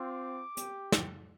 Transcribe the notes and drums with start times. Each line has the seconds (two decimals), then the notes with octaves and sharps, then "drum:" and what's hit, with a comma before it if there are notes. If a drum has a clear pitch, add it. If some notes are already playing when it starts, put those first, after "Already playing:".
Already playing: C4 F4 D6
0.57 G4, drum: hi-hat
0.92 drum: snare